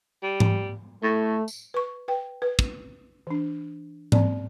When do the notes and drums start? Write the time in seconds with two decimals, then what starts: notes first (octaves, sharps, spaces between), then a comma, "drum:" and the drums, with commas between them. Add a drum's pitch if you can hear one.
0.23 G3
0.40 drum: tom G#2
1.03 A2 A3
1.48 drum: tambourine
1.74 B4 C#6
2.08 B4 G5
2.42 B4
2.59 drum: kick
3.27 E3 D4
4.12 C4 C#4 D5, drum: tom G#2